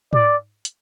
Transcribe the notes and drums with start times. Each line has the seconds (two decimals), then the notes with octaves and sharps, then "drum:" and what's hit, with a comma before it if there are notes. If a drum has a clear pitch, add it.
0.13 D5, drum: tom
0.65 drum: hi-hat